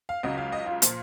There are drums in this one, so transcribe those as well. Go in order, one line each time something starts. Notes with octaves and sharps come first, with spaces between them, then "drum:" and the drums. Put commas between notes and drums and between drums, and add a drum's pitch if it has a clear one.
F5
C#2 C#3 F#3 D#5
F5
D#5
F4
A#2 F3, drum: hi-hat